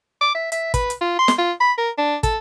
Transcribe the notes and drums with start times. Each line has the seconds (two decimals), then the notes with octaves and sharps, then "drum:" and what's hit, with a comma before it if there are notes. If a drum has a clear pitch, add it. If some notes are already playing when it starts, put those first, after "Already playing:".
0.21 D6
0.34 E5
0.52 E5, drum: hi-hat
0.74 B4, drum: kick, hi-hat
0.90 drum: hi-hat
1.01 F4
1.19 C6
1.28 drum: snare
1.38 F4
1.60 B5
1.78 A#4
1.98 D4
2.23 A4, drum: kick, hi-hat